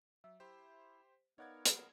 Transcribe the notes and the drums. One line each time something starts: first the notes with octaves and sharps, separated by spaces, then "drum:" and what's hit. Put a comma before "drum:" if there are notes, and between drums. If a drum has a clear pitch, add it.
F#3 E5
E4 G4 C5
B3 D#4 A#4 C#5 D5 F5 F#5 G#6
drum: hi-hat